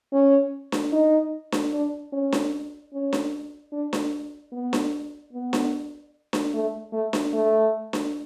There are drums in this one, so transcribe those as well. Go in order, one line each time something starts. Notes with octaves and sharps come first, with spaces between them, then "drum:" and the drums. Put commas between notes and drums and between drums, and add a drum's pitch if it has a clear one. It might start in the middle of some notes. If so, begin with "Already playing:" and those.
C#4
drum: snare D4
D#4
drum: snare D4
D4
C#4
drum: snare D4
C#4
drum: snare D4
D4
drum: snare D4
B3
drum: snare D4
B3
drum: snare D4
drum: snare D4
A3
A3
drum: snare D4
A3
drum: snare D4